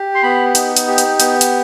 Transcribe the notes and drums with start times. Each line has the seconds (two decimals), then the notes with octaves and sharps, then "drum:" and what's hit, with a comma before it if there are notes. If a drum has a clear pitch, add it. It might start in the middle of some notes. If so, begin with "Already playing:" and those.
Already playing: G4
0.15 C6
0.23 B3 B5
0.55 D#4, drum: hi-hat
0.76 drum: hi-hat
0.88 G4
0.98 drum: hi-hat
1.20 B3, drum: hi-hat
1.41 drum: hi-hat